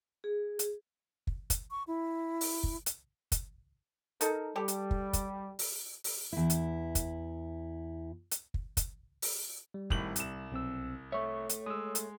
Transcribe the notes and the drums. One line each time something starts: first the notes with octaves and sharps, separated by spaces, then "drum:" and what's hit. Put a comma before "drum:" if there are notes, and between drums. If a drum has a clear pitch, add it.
G#4
drum: hi-hat
drum: kick
drum: kick, hi-hat
C#6
E4
drum: open hi-hat
drum: kick
drum: hi-hat
drum: kick, hi-hat
D#4 A4 A#4, drum: hi-hat
G3 G4 A4
drum: hi-hat
drum: kick
drum: kick, hi-hat
drum: open hi-hat
drum: open hi-hat
E2 E4
drum: hi-hat
drum: kick, hi-hat
drum: hi-hat
drum: kick
drum: kick, hi-hat
drum: open hi-hat
G3
G#1 A2 F#7, drum: kick
C2 E7, drum: hi-hat
B1 C4 E6
A3 C#5 E5 C#6
drum: hi-hat
G#3 D#6 E6
drum: hi-hat